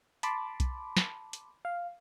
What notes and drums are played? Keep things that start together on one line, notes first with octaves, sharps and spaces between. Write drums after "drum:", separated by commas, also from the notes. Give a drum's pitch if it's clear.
A5 B5 C6 D6, drum: hi-hat
drum: kick B1, hi-hat
drum: snare
drum: hi-hat
F5